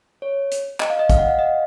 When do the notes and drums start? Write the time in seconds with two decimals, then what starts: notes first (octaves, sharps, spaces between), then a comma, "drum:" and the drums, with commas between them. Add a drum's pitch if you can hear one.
0.22 C#5
0.51 drum: hi-hat
0.80 D#5, drum: clap
0.90 F5
0.99 D#5
1.10 F5, drum: kick, hi-hat
1.19 F#5
1.29 F5
1.39 D#5